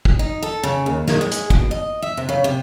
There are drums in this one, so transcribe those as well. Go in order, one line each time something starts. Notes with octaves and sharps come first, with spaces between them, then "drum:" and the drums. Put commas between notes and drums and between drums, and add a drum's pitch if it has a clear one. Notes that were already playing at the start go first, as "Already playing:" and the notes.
drum: kick
D#4
A4
C#3
D#2
D#3, drum: snare
G#3
drum: hi-hat
B2, drum: kick
D#5
E5
C3
C#3
C3